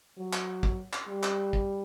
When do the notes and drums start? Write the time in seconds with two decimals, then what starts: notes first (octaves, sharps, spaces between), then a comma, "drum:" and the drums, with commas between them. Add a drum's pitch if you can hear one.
0.18 F#3
0.33 drum: clap
0.63 drum: kick
0.93 drum: clap
1.08 G3
1.23 drum: clap
1.53 drum: kick